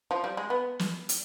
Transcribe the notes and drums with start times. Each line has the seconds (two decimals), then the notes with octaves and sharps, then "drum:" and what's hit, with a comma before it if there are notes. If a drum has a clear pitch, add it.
0.11 F3
0.24 G3
0.37 G#3
0.50 B3
0.79 drum: snare
1.09 drum: hi-hat